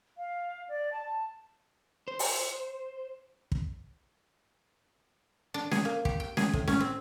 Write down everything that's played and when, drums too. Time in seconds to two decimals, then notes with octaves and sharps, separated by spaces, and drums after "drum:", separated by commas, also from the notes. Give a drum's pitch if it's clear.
0.18 F5
0.68 D5
0.91 A5
2.08 C5
2.19 drum: open hi-hat
3.52 drum: kick
5.54 D4
5.71 G#4, drum: snare C#4
5.85 A#3
6.05 G4, drum: kick
6.20 G5
6.37 G#4, drum: snare C#4
6.53 A2, drum: kick
6.67 C#4, drum: snare C#4
6.81 C4